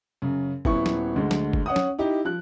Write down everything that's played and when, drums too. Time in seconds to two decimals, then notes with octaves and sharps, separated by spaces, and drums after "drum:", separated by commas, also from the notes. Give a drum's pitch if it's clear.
0.22 F#2 C#3
0.65 D#1 B3 E4 C#6, drum: kick F#1
0.86 drum: snare
1.16 D2 D3 G#3
1.31 drum: snare
1.53 drum: kick F#1
1.66 C#4 F#5 D#6
1.76 drum: snare
1.99 D#4 E4 G4
2.25 F3 F#6